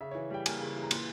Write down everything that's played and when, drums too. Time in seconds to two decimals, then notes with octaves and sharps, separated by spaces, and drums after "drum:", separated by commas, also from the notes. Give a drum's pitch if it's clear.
0.01 C#3 E5
0.11 E3 C#5
0.30 G3 G5
0.46 A#3 G#5, drum: cymbal
0.61 C#3
0.76 E3
0.83 A#5
0.91 A#2 C6, drum: cymbal